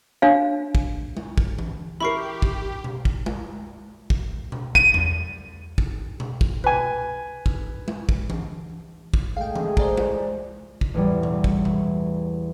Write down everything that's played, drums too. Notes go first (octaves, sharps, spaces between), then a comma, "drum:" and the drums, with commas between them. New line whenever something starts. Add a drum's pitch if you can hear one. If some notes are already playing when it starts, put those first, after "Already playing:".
D4 C#5 F5
drum: kick
drum: tom G#3
drum: kick
drum: tom E3
E4 G4 A#4 B5 C#6 C7
drum: kick
drum: tom B2
drum: kick
drum: tom G#3
drum: kick
drum: tom B2
D#7, drum: kick
drum: tom E2
drum: kick
drum: tom B2
drum: kick
B4 G#5, drum: tom B2
drum: kick
drum: tom G#3
drum: kick
drum: tom E3
drum: kick
G#3 A3 G#4 F5 G5
drum: tom E3
C5 D5 A#5, drum: kick
drum: tom G#3
drum: kick
A1 E2 G3
drum: tom B2
drum: kick
drum: tom B2